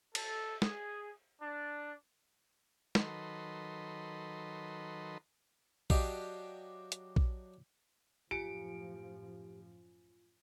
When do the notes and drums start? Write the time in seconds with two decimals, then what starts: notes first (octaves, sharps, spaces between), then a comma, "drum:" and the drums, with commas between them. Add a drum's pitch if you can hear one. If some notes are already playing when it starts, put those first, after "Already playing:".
0.15 A4, drum: cymbal
0.62 G#4, drum: snare
1.41 D4
2.95 D#3 F#3 A4 B4 D#5 C6, drum: snare
5.90 F#3 D4 G4 D#5 F5, drum: kick A#1
6.92 drum: hi-hat
7.16 drum: kick A#1
8.31 F#2 A2 F3 F4 G4 G#5 C#7 D7